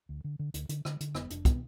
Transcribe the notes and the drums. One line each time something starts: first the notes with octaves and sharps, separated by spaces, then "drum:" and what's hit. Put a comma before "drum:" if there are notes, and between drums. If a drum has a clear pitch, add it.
D2
D3
D3
D2, drum: hi-hat
D3, drum: hi-hat
D3, drum: rim click
D3, drum: hi-hat
F1 B3, drum: rim click
F1 D4, drum: hi-hat
B3, drum: kick, hi-hat